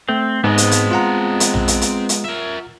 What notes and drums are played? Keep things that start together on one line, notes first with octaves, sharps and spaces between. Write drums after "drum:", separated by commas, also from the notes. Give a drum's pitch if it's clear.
A3 C4
G#2 G#3 B3 C4 D#5
drum: hi-hat
drum: hi-hat
F4 F#5 A#5
drum: hi-hat
drum: tom A#1
drum: hi-hat
drum: hi-hat
drum: hi-hat
A#4 E5